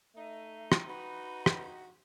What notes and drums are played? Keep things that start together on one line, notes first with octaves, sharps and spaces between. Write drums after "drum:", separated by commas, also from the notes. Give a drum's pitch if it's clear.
A3 D#4 E5
drum: rim click
F#4 B4 B5
drum: rim click